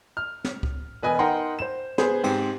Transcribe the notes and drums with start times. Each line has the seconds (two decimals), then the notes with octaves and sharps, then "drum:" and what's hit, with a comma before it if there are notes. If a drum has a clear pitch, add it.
0.17 F6
0.45 drum: snare
0.63 drum: kick C#2
1.03 E1 B4 D#5 G#5 D#6
1.19 D#4 A#4 D#5 F#5 G5 C6
1.59 C5 E7
1.98 B3 G#4 C5, drum: snare
2.24 G#2 C4 G4, drum: cymbal